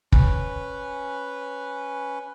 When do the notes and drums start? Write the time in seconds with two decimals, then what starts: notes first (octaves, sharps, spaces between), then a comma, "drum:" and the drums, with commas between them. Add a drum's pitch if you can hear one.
0.12 C#4 B4, drum: kick